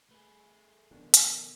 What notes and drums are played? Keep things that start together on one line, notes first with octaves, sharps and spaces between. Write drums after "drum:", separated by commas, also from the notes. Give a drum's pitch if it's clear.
A3 G#4 B4
B2 D#3 F3 D4
drum: hi-hat